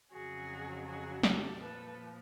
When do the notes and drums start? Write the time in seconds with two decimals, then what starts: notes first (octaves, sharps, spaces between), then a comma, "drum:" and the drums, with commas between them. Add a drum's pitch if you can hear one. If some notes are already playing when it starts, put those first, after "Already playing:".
0.13 F2 C#3 F#3 F#4 G#4
0.87 F#4 G#4
1.23 G4 A4, drum: snare
1.60 A#2 F3 A4 B4